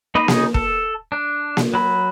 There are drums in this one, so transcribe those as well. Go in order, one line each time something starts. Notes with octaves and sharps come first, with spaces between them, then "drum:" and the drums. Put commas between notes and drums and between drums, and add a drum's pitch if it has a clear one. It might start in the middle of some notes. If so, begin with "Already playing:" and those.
A#3 D#4 D#5 B5
C#3 D#4 G#4, drum: snare A#3
A4, drum: kick
D4
drum: snare A#3
F#3 B5